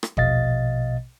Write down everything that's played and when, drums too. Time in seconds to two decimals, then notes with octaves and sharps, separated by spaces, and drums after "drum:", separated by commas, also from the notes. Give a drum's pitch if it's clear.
0.03 drum: rim click
0.17 A#1 B2 D#5 F5 A6, drum: kick